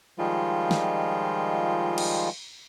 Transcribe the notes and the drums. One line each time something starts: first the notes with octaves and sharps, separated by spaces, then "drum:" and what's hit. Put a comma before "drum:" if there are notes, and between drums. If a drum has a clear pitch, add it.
D#3 F3 G3 G#3 F4
drum: snare
drum: cymbal